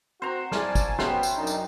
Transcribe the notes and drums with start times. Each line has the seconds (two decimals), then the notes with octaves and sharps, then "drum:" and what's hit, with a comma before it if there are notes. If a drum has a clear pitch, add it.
0.22 C4 F#4 C5 F#5 A#5
0.52 C2 D5 G#5 A5 F6, drum: snare
0.75 drum: kick, tambourine
0.99 B2 B3 C#4 C5 E5 G5, drum: snare
1.23 drum: tambourine
1.37 F#2 D4 D#4
1.47 drum: tambourine